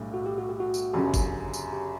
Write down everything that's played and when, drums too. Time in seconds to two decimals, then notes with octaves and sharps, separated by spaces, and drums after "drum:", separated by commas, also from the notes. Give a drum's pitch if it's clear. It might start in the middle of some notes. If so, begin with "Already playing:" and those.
Already playing: B1 A2 G3 D4
0.14 F#4
0.26 G4
0.38 F#4
0.49 G4
0.60 F#4
0.74 drum: tambourine
0.94 G1 F#2 C#3 F#3 G4
1.14 drum: kick G1, tambourine
1.54 drum: tambourine
1.73 G4